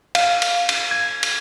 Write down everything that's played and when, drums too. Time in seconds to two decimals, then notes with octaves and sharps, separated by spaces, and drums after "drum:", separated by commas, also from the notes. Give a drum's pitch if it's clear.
0.15 F5, drum: cymbal
0.42 drum: cymbal
0.69 drum: cymbal
0.91 G#6
1.23 drum: cymbal